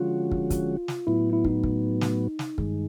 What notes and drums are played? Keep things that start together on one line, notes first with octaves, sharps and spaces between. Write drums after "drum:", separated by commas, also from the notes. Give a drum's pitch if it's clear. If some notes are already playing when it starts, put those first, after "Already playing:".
Already playing: D3 F3 G#3 C#4 F4 F#4
drum: kick
drum: kick, hi-hat
drum: snare
A2 F#3 B3 E4
E4
D#4, drum: kick
drum: kick
drum: snare
drum: snare
G2 D#3 G#3, drum: kick